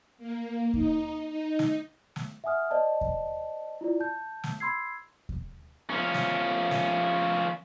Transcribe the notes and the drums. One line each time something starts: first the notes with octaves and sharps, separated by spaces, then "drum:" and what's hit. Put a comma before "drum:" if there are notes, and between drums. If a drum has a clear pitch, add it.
A#3
D#4, drum: kick D#2
D#4
drum: snare
drum: snare
E5 F#5 G#5 D#6 F6
C5 D5 D#5 A5
drum: kick D#2
E4 F4 D5
A5 G6
drum: snare
B5 C6 E6 G#6 C7
drum: kick D#2
F3 C#4
drum: snare
drum: snare